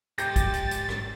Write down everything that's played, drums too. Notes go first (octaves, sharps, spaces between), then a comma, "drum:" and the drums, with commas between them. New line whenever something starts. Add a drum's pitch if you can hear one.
G#2 G4 D6 G6 A6 A#6, drum: hi-hat
drum: kick, hi-hat
drum: hi-hat
drum: hi-hat
drum: rim click